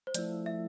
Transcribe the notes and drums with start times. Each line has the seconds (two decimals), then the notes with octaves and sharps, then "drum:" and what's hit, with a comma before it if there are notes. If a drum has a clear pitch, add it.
0.07 C5
0.14 F3 A3 E4 D5, drum: hi-hat
0.46 E5